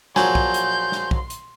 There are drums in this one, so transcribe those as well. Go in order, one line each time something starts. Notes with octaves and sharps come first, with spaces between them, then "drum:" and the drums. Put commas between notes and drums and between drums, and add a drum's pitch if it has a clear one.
A#1 F#3 G#5 C6 G6, drum: snare
drum: kick
drum: hi-hat
drum: snare
drum: kick
drum: hi-hat